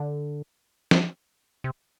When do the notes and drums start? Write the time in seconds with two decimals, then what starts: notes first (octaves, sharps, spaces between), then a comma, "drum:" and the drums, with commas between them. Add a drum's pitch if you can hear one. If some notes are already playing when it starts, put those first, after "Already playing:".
Already playing: D3
0.91 drum: snare F3
1.64 C3